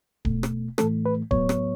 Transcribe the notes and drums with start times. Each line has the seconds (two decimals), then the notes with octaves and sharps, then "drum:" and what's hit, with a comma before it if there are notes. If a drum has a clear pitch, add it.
0.25 B2 A3, drum: kick D1
0.43 drum: rim click
0.78 A2 E3 A3 A4, drum: rim click
1.06 B4
1.31 A2 F#3 B3 C#5, drum: kick D1
1.49 drum: rim click